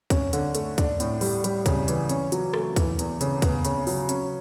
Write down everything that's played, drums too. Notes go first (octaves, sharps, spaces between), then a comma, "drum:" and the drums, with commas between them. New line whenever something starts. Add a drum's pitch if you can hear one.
C#4, drum: kick D2, hi-hat
D3, drum: hi-hat
A3, drum: hi-hat
D4, drum: kick D2, hi-hat
A2, drum: hi-hat
G3, drum: open hi-hat
G3, drum: hi-hat
C#3, drum: kick D2, hi-hat
E3, drum: hi-hat
C#4, drum: hi-hat
F#3, drum: hi-hat
A3, drum: rim click
E3, drum: kick D2, hi-hat
E2, drum: hi-hat
C#3, drum: hi-hat
B3, drum: kick D2, hi-hat
C#3, drum: hi-hat
F#3, drum: open hi-hat
C#4, drum: hi-hat